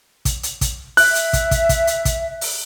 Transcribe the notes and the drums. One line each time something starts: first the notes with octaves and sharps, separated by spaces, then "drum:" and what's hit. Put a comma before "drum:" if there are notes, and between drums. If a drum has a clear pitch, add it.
drum: kick, hi-hat
drum: hi-hat
drum: kick, hi-hat
E5 F#6, drum: open hi-hat
drum: hi-hat
drum: kick, hi-hat
drum: kick, hi-hat
drum: kick, hi-hat
drum: hi-hat
drum: kick, hi-hat
drum: open hi-hat